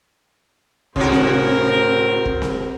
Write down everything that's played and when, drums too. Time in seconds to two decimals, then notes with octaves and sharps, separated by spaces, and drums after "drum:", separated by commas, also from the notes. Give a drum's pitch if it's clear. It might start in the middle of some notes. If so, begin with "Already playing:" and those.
0.96 D2 A2 C3 C4 F#4 A#4, drum: kick
1.12 drum: snare C4
2.25 drum: kick
2.42 drum: snare C4